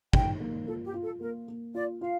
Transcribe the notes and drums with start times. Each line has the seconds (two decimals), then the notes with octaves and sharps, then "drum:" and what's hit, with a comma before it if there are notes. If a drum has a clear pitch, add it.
0.13 D#3 G5, drum: kick
0.40 A#3
0.67 F4 A4
0.85 G4
0.94 F4
1.03 A4
1.21 A#3 A#4
1.48 A#3
1.74 F4 D5
2.01 F4 F5